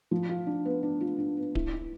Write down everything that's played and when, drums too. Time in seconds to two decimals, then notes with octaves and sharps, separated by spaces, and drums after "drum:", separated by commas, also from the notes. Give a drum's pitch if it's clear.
0.11 F3
0.29 F4
0.47 D4
0.65 B3
0.83 D4
1.01 F4
1.18 D4
1.37 B3
1.55 E4, drum: kick D1
1.73 E4